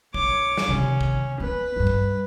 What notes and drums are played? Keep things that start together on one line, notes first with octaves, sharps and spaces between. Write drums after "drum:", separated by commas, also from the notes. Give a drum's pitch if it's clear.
B1 C#5 D6, drum: kick G#1
drum: snare
C3 D#3 C#4
drum: kick G#1
B3 B4
G2 E4
drum: kick G#1